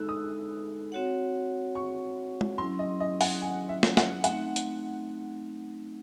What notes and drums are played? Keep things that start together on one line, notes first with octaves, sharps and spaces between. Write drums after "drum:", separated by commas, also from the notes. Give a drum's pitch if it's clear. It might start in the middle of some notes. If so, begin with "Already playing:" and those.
Already playing: G#3 D#4 A4 E6 F#6
D#6
C4 F#4 C#5 F#5
C#6
drum: tom G#3
F#3 C#4 E4 C6
D#5
D#5
F#5, drum: open hi-hat
G#5
E5
drum: snare
F#5, drum: snare
A3 C4 D#4 F#5, drum: hi-hat
drum: hi-hat